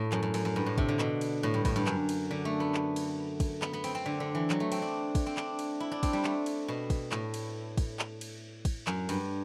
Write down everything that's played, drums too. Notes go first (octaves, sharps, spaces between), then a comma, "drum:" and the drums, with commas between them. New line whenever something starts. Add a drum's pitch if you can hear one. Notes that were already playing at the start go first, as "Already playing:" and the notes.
Already playing: A2
F#2, drum: clap
F#2
F#2, drum: cymbal
F#2
G2
A2
C3, drum: kick
D3
B2, drum: clap
drum: cymbal
A2
G2
A2, drum: kick, cymbal
G2
F#2, drum: clap
drum: cymbal
D3
A3
B3
drum: clap
drum: cymbal
drum: kick, cymbal
B3, drum: clap
B3
C4, drum: cymbal
C4
D3
D3
E3
F#3, drum: clap
A3
C4, drum: cymbal
D4
drum: kick, cymbal
C4
D4, drum: clap
drum: cymbal
E4
D4
C4, drum: kick, cymbal
G3
A3, drum: clap
drum: cymbal
B2
drum: kick, cymbal
A2, drum: clap
drum: cymbal
drum: kick, cymbal
drum: clap
drum: cymbal
drum: kick, cymbal
F#2, drum: clap
G2, drum: cymbal